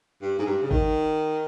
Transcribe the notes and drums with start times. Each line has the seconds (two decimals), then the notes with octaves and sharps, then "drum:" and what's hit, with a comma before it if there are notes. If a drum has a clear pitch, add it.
0.22 G2
0.39 G#2
0.46 G2
0.62 C#3
0.71 D#3, drum: kick